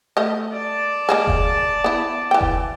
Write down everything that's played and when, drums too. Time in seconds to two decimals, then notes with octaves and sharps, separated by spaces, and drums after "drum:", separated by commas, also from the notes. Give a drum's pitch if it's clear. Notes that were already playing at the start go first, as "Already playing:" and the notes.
0.17 A3 D#5
0.52 D5 A5
1.09 G#3 A#3 G#4
1.27 drum: kick F1
1.84 B3 E4
2.31 E3 G5
2.41 drum: kick F1